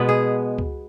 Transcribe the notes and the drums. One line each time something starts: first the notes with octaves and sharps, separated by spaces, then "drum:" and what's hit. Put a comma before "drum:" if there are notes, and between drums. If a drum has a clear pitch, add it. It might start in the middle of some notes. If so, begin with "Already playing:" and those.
Already playing: B2 G#3 B3 B4
G#4
drum: kick